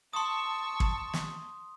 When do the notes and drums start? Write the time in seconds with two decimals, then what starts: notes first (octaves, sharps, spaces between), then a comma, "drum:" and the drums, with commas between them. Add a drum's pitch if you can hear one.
0.13 A5 C6 C#6 D#6 E6
0.80 drum: kick
1.13 drum: snare